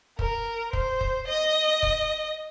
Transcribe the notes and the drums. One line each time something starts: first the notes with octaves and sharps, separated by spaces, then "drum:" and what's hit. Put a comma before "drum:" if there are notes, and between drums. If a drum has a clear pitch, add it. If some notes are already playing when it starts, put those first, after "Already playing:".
A#4, drum: kick
C5, drum: kick
drum: kick
D#5
drum: kick